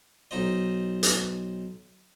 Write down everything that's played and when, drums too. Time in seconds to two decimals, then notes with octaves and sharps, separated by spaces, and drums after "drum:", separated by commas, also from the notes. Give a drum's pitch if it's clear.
0.31 B1 D#4 C5 D#5
1.03 drum: hi-hat